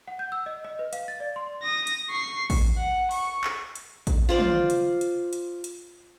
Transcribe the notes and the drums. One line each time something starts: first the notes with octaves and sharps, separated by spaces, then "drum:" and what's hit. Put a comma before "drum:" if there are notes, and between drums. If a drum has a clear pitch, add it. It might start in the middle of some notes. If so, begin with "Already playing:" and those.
F#5
G6
E6
D#5
D#5
B4
F5, drum: hi-hat
A6
D5
C6
D#6 A#6
drum: hi-hat
C#6 C7
drum: kick A1, open hi-hat
F#5
C#6, drum: open hi-hat
drum: clap
drum: hi-hat
drum: kick A1, hi-hat
F4 C5 D5
drum: tom
drum: hi-hat
drum: hi-hat
drum: hi-hat
drum: hi-hat